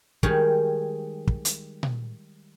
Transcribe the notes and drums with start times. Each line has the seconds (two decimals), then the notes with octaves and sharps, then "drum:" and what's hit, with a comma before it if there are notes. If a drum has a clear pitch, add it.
0.23 D#3 G3 G#3 C#5, drum: kick
1.27 drum: kick
1.45 drum: hi-hat
1.83 drum: tom A#2